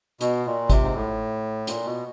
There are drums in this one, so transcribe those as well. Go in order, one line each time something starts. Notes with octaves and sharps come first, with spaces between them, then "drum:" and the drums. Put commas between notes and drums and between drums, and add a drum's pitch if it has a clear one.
B2, drum: hi-hat
A#2
C3, drum: kick, hi-hat
G#2
A2
A#2, drum: hi-hat
B2